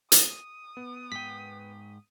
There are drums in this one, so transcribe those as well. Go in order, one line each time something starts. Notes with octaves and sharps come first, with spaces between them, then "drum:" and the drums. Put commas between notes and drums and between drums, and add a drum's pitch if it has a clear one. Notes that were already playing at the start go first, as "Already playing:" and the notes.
D#6, drum: hi-hat
B3
G#2 G5 B6